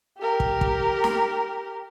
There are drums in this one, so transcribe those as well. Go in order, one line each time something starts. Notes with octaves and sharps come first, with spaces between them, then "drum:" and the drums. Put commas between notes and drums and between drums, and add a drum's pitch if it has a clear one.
G4 A#4
drum: kick
drum: kick
drum: snare